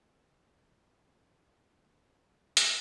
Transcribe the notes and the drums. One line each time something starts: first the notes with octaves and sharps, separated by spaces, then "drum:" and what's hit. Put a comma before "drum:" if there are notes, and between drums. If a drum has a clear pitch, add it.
G1 D5 D#7
D4 B4 C#5 G5
G2 B2 F#3 F#5
B4 E5 A#5
C#5
drum: hi-hat